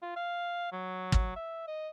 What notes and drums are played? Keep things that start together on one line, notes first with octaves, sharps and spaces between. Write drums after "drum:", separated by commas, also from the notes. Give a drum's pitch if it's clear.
F4
F5
F#3
drum: kick
E5
D#5